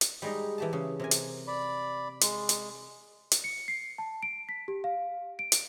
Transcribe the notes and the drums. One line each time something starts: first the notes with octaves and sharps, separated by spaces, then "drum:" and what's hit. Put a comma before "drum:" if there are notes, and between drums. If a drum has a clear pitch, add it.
drum: hi-hat
G3 G#3 D#4
E3 G4 A5
C#3
C3 A#4 G#5
drum: hi-hat
D5 B5
G#3 C6, drum: hi-hat
drum: hi-hat
drum: hi-hat
C#7
C7
A5
D7
B6
G4
F5
D7
drum: hi-hat